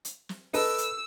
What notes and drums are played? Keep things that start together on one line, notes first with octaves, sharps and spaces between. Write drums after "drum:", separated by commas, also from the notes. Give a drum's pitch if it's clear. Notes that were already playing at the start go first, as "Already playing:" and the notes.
drum: hi-hat
drum: snare
A4 B4 D#5 E6, drum: open hi-hat
drum: hi-hat